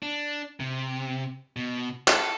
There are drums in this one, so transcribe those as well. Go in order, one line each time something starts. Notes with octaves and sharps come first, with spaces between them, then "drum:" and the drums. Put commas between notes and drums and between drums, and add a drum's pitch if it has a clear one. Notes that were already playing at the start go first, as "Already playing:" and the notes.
D4
C3
B2
A4, drum: clap